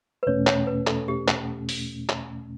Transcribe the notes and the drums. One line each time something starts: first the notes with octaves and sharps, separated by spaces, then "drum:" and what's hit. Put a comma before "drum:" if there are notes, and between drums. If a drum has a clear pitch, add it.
B4
E2 B2 A3 C#4 C#5
C#5, drum: clap
B4
A4, drum: clap
G4
drum: clap
drum: open hi-hat
drum: clap